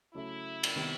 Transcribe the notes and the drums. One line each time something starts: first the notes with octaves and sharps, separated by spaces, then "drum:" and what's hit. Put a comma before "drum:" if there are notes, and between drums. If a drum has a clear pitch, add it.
C#3 F#3 A3 E4
drum: cymbal
C3 D#3 G3 B3